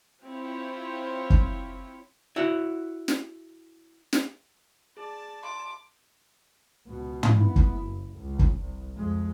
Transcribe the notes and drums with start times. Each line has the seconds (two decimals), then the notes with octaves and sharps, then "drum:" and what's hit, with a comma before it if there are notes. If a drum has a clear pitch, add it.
0.24 C4 E4 F4 G4 C#5
1.30 drum: kick
2.36 E4 F#4 C#5 F#5
3.08 drum: snare
4.13 drum: snare
4.97 G#4 D5 A5
5.43 C6 D6
6.87 C#2 B2
7.23 drum: tom
7.36 B3 E4
7.56 drum: kick
7.81 F#1
8.19 C#2
8.39 drum: kick
8.60 C2
8.96 F2 G#3